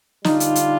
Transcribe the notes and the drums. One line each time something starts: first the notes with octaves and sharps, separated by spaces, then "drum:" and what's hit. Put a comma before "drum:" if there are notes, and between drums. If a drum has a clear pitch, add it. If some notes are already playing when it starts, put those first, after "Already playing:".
D3 G3 D4 D#4 F4, drum: snare
drum: hi-hat
drum: hi-hat